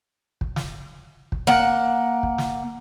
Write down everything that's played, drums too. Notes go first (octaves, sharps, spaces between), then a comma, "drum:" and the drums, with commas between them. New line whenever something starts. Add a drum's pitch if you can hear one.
drum: kick
drum: snare
drum: kick
A#3 F#5, drum: snare
drum: kick
drum: snare